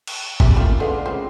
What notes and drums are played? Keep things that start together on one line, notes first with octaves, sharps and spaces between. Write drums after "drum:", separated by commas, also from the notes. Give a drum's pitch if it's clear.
drum: cymbal
F2 A2 G4 G#4 E5, drum: kick
A3 A#3 C#4 E4 F4
D3 B3 G#4 D#5 F5 C6
C#2 A#3 C4